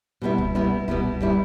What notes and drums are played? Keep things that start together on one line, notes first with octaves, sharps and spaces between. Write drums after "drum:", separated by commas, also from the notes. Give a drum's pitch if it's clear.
B2 G3 B3 E4
drum: kick
B2 G3 B3 E4
B2 G3 B3 E4, drum: kick
B2 G3 B3 E4, drum: kick